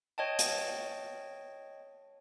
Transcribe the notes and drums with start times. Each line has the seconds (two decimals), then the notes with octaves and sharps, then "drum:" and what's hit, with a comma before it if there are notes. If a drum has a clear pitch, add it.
0.18 C#5 D#5 G5 A5
0.39 drum: hi-hat